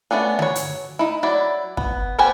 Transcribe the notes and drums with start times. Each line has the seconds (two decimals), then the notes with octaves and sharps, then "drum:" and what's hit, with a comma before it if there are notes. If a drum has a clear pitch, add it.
0.11 A3 B3 C#4 D4
0.39 F#3 C#5, drum: tom D3
0.55 drum: hi-hat
0.99 D#4 E4
1.23 F#3 E4 D5 B5
1.77 B3, drum: kick
2.19 B3 G4 C5 G5 G#5